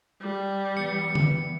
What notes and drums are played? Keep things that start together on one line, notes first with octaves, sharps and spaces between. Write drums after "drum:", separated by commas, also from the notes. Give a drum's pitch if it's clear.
G3
E3 B3 C#7
drum: tom D3